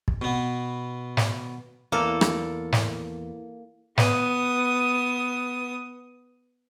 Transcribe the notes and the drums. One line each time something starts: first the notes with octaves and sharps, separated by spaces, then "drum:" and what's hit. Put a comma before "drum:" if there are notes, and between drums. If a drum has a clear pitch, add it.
drum: kick
B2 B3
drum: snare
E2 A#3 A4
drum: rim click
drum: snare
B3 D#6, drum: snare